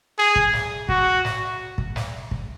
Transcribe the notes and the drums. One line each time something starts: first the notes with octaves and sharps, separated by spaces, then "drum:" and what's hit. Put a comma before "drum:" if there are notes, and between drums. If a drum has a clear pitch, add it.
G#4
drum: kick
drum: snare
F#4, drum: kick
drum: snare
drum: kick
drum: snare
drum: kick